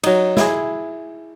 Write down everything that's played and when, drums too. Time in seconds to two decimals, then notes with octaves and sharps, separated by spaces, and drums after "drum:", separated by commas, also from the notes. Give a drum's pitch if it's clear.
0.04 F#3 D#4, drum: cymbal
0.37 E4 G#4, drum: snare